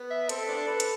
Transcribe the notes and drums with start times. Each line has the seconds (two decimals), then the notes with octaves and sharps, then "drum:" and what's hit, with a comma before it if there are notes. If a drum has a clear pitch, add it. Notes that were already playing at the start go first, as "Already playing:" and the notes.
Already playing: B3
0.11 E5
0.29 C4 A4, drum: hi-hat
0.48 B3 D4
0.67 D4 B4
0.80 drum: hi-hat